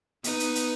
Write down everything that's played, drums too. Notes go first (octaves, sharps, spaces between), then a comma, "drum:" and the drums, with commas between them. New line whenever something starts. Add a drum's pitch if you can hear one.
B3 D#4, drum: hi-hat
drum: hi-hat
drum: hi-hat